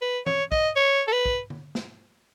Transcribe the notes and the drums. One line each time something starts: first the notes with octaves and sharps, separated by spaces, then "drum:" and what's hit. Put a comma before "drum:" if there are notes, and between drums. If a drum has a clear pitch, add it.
B4
C#5, drum: tom E3
D#5, drum: kick
C#5
A4
B4
drum: kick
drum: tom D3
drum: snare